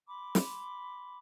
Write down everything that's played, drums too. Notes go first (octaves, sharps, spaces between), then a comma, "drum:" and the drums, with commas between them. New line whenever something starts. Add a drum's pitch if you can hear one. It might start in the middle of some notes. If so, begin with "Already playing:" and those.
B5 C6 D6
drum: snare